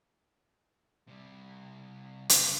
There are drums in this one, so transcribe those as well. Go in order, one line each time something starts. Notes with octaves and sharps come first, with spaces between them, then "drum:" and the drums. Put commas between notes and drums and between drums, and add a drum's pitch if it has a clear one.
C3 G3
C#2 F#2, drum: hi-hat